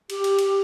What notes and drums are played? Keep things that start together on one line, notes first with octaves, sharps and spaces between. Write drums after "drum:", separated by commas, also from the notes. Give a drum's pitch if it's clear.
G4, drum: cymbal
drum: cymbal
drum: cymbal